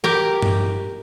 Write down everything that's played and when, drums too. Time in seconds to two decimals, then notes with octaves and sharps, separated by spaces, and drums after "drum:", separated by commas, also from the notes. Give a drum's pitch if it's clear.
0.04 G4 A#4
0.42 drum: tom G2